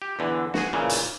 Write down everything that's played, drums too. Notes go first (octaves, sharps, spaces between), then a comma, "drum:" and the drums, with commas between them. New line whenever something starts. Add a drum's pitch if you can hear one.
G4
E2 D3 E3
F#4 G#4, drum: snare
A#2 C#3 E3
drum: hi-hat